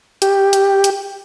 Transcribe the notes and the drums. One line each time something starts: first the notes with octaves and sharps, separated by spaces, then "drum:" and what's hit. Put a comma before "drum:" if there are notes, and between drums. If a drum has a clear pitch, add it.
G4, drum: hi-hat
drum: hi-hat
drum: hi-hat